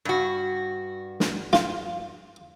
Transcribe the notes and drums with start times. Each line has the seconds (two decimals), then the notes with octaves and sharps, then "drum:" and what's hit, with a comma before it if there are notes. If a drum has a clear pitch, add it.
0.05 G2 F#4
1.20 drum: snare
1.53 F4, drum: snare